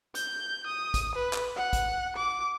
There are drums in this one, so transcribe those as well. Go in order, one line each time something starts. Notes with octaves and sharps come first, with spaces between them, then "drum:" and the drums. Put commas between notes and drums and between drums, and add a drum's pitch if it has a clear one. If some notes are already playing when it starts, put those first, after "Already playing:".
G6, drum: hi-hat
D#6
drum: kick, hi-hat
B4
drum: clap
F#5
drum: kick, hi-hat
D6